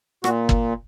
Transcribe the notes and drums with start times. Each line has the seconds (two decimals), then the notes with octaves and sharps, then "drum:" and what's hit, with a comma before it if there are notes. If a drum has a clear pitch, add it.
0.24 A#2 F#4, drum: rim click
0.49 drum: kick